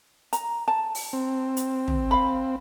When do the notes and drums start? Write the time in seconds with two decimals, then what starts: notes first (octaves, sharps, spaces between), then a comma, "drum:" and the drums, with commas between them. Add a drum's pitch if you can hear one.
0.33 A#5, drum: hi-hat
0.68 A5
0.95 drum: open hi-hat
1.13 C4
1.57 drum: hi-hat
1.88 drum: tom
2.11 F5 B5